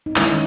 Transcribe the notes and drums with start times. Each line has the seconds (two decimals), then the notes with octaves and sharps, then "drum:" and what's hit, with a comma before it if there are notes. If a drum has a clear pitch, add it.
0.06 D#4
0.16 D#3 G#3 C#4 E4, drum: clap